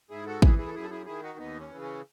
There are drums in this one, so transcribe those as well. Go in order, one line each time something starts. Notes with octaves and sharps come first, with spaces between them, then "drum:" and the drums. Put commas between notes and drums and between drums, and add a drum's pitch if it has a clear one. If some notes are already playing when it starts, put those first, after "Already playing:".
G#2 E4 G#4
F#4 A4
E3 E4 G#4, drum: kick
E4 G#4
A4
F#2 E4 G#4
A4
E4 G#4
D#3 E4 G#4
D#4 F#4
D#2 B3 D#4
C#4
C#3 E3
C#4